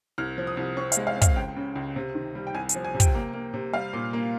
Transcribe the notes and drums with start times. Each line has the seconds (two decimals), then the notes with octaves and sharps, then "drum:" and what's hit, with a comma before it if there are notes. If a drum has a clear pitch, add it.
0.18 C2 F6
0.38 F3
0.47 D#6
0.57 C2
0.77 C4 C#6
0.92 F5, drum: hi-hat
0.97 G#3
1.07 F5
1.16 C4
1.22 F5, drum: kick, hi-hat
1.36 C#2 G5
1.56 C#3
1.75 C#2
1.96 C3
2.15 D#3
2.35 G3
2.47 G5
2.54 C2 G#5
2.69 G#5, drum: hi-hat
2.75 F3
2.85 G#5
2.94 C3
3.00 G5, drum: kick, hi-hat
3.15 A#3
3.34 A#3
3.54 C3
3.73 G3 F5
3.93 A#2
4.13 A#3